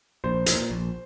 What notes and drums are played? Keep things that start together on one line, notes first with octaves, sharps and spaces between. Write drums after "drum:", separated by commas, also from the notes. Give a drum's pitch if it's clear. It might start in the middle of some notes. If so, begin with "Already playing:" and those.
A#1 C5
A#2, drum: hi-hat
A#1